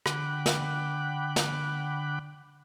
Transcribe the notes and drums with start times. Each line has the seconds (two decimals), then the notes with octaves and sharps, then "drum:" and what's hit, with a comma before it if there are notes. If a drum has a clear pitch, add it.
0.06 D3 F#5 G5 B5 D6 F#6, drum: rim click
0.46 drum: snare
1.36 drum: snare